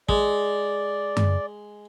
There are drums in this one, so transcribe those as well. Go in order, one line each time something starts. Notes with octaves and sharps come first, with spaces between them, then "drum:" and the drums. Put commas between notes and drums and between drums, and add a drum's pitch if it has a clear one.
G#3 D5, drum: kick
drum: tom F#2